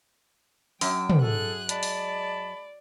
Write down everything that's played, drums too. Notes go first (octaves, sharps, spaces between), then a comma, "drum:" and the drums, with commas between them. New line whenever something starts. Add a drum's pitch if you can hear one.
F#2 F#3 G5, drum: open hi-hat
drum: tom
G#4 A4 F#6
G#3 D5 A5 B5, drum: hi-hat
drum: open hi-hat